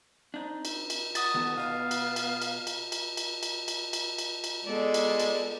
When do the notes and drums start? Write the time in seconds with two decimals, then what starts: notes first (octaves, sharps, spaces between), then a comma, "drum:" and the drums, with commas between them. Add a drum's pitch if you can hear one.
0.34 C4 D4 D#4
0.65 drum: cymbal
0.90 drum: cymbal
1.15 F#5 D#6 A6, drum: cymbal
1.34 D#3 B3 A4
1.57 B2 B3 D#5 F5
1.91 drum: cymbal
2.16 drum: cymbal
2.42 drum: cymbal
2.67 drum: cymbal
2.92 drum: cymbal
3.17 drum: cymbal
3.43 drum: cymbal
3.68 drum: cymbal
3.93 drum: cymbal
4.18 drum: cymbal
4.44 drum: cymbal
4.65 G#3 B3 A4 D5
4.94 drum: cymbal
5.20 drum: cymbal